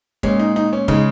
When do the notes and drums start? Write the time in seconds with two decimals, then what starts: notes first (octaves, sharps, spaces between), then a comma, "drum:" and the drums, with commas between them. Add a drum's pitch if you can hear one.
0.23 A#2 G#3 C#4, drum: kick
0.40 D#4
0.56 D#4
0.73 C#4
0.88 C#3 G#3 D#4, drum: kick